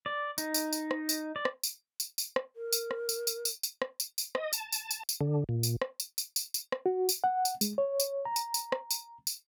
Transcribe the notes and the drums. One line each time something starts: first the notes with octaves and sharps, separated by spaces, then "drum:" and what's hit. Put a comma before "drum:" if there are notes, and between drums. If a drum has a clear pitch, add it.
D5
D#4, drum: tambourine
drum: tambourine
drum: tambourine
drum: rim click
drum: tambourine
D5
drum: rim click
drum: tambourine
drum: tambourine
drum: tambourine
drum: rim click
A#4
drum: tambourine
drum: rim click
drum: tambourine
drum: tambourine
drum: tambourine
drum: tambourine
drum: rim click
drum: tambourine
drum: tambourine
D#5, drum: rim click
A5, drum: tambourine
drum: tambourine
drum: tambourine
drum: tambourine
D3
A#2
drum: tambourine
drum: rim click
drum: tambourine
drum: tambourine
drum: tambourine
drum: tambourine
drum: rim click
F#4
drum: tambourine
F#5
drum: tambourine
G#3, drum: tambourine
C#5
drum: tambourine
A#5
drum: tambourine
drum: tambourine
drum: rim click
drum: tambourine
drum: tambourine